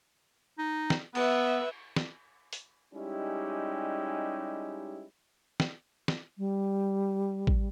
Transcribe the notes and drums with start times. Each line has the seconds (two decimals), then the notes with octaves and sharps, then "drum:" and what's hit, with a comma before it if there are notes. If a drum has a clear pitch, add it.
0.59 D#4
0.90 drum: snare
1.15 B3 B4 E5, drum: cymbal
1.96 drum: snare
2.53 drum: hi-hat
2.93 G3 G#3 C#4 D#4 E4 G4
5.60 drum: snare
6.08 drum: snare
6.38 G3
7.47 drum: kick A1